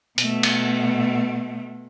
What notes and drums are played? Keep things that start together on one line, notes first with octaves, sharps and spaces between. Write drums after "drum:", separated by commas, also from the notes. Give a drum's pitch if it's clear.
B2 A3, drum: hi-hat
drum: cymbal